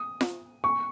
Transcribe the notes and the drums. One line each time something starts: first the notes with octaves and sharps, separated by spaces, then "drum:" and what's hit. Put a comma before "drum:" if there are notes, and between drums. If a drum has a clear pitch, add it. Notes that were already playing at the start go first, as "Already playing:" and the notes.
Already playing: D#6
drum: snare F4
C#6